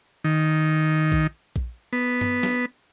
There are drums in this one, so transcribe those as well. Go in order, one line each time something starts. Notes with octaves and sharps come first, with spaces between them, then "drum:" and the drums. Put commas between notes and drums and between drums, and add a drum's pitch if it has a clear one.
D#3
drum: kick A#1
drum: kick A#1
B3
drum: tom G2
drum: snare